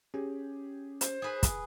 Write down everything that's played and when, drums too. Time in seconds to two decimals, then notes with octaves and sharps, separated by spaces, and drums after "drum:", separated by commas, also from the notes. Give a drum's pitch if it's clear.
0.14 C#4 G4 G#4
1.01 C5, drum: hi-hat
1.22 G#4 B4
1.43 drum: kick, hi-hat